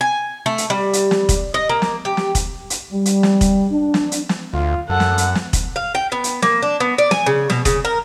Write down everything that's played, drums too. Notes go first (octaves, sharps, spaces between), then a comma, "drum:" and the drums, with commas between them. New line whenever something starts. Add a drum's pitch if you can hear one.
G#5
A3
drum: hi-hat
G3
drum: hi-hat
drum: snare
drum: kick, hi-hat
D#5
A#3
drum: snare
G4
drum: snare
drum: kick, hi-hat
drum: hi-hat
G3
drum: hi-hat
drum: snare
drum: kick, hi-hat
D4
drum: snare
drum: hi-hat
drum: snare
D2 F4
F#2 A4 F#5
drum: snare
drum: hi-hat
drum: snare
drum: kick, hi-hat
F5
G5
B3
drum: hi-hat
A#3, drum: snare
D4
B3
D5
G#5, drum: snare
C#3
B2, drum: snare
C#3, drum: kick, hi-hat
A#4